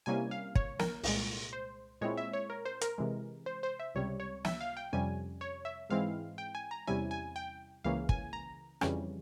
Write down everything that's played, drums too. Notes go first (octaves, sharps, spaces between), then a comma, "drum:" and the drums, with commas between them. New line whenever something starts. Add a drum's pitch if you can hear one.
C3 G3 A#3 C#4 E4 G#5
F5
C#5, drum: kick
A#4, drum: snare
C2 A#2 G#3, drum: open hi-hat
C5
A#2 G#3 C4 E4 C#5
E5
C#5
A#4
C5
A#4, drum: hi-hat
C3 E3 G#3
C5
C5
E5
C#2 C3 G3 C#5
C#5
E5, drum: snare
F5
G5
F2 C3 G3 C#4 G#5
C#5
E5
G#2 E3 G#3 C4 E4 F5
G5
G#5
A#5
E2 C3 G3 C#4 E4 G#5
G#5
G5
C#2 C#3 E3 A#3 C#4 F5
G#5, drum: kick
A#5
F2 C#3 E3 G3 C#4, drum: rim click